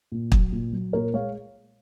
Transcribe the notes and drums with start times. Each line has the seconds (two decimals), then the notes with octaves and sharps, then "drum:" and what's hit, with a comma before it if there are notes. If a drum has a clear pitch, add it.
0.12 A#2
0.32 F#3, drum: kick
0.52 A#2
0.73 F#3
0.93 A#2 A#4 C#5
1.14 G#3 C#5 F5